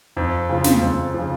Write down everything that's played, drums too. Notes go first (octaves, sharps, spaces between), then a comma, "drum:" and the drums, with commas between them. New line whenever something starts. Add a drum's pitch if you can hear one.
F2
C#3 F3
drum: snare
F2
C#3 F3